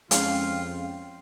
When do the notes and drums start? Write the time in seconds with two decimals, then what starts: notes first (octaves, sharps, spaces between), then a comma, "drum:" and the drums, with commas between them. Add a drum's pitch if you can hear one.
0.11 F2 G#3 C#4 F4 F5 G5, drum: hi-hat